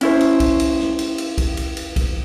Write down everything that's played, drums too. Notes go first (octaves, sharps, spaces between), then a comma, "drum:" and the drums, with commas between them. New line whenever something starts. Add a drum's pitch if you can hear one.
C#4 E4 C5, drum: cymbal
drum: cymbal
drum: kick, cymbal
drum: cymbal
drum: snare
drum: cymbal
drum: cymbal
drum: kick, cymbal
drum: cymbal
drum: cymbal
drum: kick, cymbal